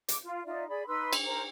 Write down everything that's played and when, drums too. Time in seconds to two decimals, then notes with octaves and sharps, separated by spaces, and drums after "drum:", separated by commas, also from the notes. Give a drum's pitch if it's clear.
0.09 D6, drum: hi-hat
0.23 F4
0.45 D#4 F4 D5 E5
0.68 G#4 D5 B5
0.87 D#4 B4 C6 E6
1.13 drum: cymbal
1.26 A#4 C5 A#5